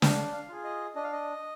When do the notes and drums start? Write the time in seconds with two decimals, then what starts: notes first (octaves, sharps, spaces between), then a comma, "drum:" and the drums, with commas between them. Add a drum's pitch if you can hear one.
0.02 D4 F5, drum: snare
0.33 F5
0.49 F4 G#4
0.64 D#5
0.95 D4 D#5
1.03 F5
1.12 D#5